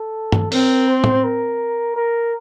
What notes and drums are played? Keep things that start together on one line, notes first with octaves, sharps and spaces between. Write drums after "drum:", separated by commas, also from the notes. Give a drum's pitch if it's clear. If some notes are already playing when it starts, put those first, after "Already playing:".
Already playing: A4
drum: tom G2
C4 A#4, drum: open hi-hat
C5
drum: tom
A#4
A#4